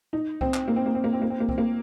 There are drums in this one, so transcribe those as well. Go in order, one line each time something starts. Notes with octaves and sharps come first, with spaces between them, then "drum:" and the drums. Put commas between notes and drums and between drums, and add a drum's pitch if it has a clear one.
D#4
C4, drum: kick C2
drum: clap
A#3
C4
A#3
C4
A#3
C4
A#3
C4
A#3
C4, drum: kick C2
A#3